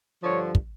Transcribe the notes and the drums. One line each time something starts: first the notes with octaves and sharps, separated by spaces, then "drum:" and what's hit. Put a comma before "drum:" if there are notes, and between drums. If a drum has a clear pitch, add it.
G2 D3 F3 C#5
drum: kick